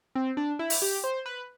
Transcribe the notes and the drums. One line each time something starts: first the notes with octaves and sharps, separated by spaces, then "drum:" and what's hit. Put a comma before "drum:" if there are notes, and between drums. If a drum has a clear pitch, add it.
C4
D4
E4
drum: open hi-hat
G4
C5
B4